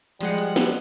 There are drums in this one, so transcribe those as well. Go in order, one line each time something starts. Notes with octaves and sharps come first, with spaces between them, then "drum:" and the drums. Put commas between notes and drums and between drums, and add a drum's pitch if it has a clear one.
F3 G3 G#3 F#5, drum: hi-hat
drum: hi-hat
drum: snare